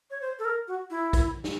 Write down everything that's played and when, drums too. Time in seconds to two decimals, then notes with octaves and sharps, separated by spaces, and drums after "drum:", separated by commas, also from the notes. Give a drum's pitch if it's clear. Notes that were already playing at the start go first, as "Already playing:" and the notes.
0.10 C#5
0.21 C5
0.39 A4
0.45 A#4
0.67 F#4
0.90 E4
1.13 drum: kick, hi-hat
1.44 drum: snare